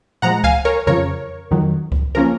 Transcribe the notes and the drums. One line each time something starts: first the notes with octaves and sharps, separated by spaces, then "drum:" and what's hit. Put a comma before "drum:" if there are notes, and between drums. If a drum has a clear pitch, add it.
A#2 F3 G#3 F#5 A#5
F5 G#5, drum: kick C#2
A#4 C#5
F2 C#3 F3 A#4 C#5
F2 D#3 F#3
drum: kick C#2
C#3 F3 A#3 C#4 A#4